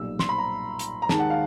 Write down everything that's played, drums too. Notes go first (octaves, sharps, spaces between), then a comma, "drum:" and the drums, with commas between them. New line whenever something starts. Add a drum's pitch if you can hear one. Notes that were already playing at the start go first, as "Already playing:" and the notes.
Already playing: B1 A#2 G3 E6
C6, drum: snare
B5
A#5
drum: hi-hat
A#5
D#2 D#3 G#3 A5, drum: snare
F#5
F5